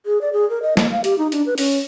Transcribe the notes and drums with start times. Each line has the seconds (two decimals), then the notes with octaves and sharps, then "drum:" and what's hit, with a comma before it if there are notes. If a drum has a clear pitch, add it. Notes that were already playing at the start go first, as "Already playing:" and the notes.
0.06 G#4
0.21 D5
0.33 G#4
0.50 A#4
0.62 D#5
0.77 A#3, drum: snare
0.92 F5
1.04 G4, drum: hi-hat
1.19 D#4
1.32 D4, drum: hi-hat
1.46 B4
1.58 C#4, drum: open hi-hat